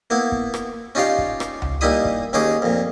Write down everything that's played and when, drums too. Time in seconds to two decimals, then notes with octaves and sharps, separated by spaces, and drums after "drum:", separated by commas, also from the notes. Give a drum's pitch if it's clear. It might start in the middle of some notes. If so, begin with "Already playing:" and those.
0.10 A#3 B3 E4
0.32 drum: kick
0.54 drum: rim click
0.95 C#4 D#4 F4 G4 D5 F5
1.19 drum: kick
1.40 drum: rim click
1.62 drum: tom C#2
1.81 A#2 G3 D#4 E4 B5 D#6
2.05 drum: kick
2.33 D#2 C#4 D#4 G#4 D6
2.62 F2 A#2